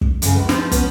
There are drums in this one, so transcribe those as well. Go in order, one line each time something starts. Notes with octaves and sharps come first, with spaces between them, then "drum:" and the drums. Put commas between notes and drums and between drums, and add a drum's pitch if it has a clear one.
drum: kick
F#2 C#3, drum: hi-hat
C#2 B4
F3, drum: snare
B3 C#4, drum: kick, hi-hat